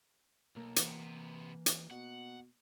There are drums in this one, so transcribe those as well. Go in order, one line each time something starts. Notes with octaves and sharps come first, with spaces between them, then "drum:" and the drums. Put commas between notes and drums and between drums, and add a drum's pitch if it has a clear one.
B1 A#3
C3 E3 B3, drum: hi-hat
drum: hi-hat
B2 F#5